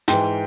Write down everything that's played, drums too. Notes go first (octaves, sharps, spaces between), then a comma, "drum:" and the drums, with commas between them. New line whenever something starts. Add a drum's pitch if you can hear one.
G#2 E3 G5, drum: hi-hat